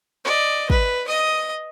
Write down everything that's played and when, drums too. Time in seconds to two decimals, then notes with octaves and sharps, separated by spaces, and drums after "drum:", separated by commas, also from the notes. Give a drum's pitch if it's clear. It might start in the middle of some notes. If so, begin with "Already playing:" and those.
0.24 D5 D#5
0.70 B4, drum: kick
1.07 D#5 D#6